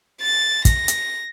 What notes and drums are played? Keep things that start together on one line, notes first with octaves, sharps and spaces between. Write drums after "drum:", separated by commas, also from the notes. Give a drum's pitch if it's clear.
A6
A#6, drum: kick, hi-hat
drum: hi-hat